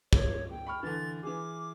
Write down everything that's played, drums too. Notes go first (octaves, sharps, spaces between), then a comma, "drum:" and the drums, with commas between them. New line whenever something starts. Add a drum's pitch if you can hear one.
C#5, drum: kick
G5
B5 C#6 F6
D3 E3 A6
E3 G#4 D6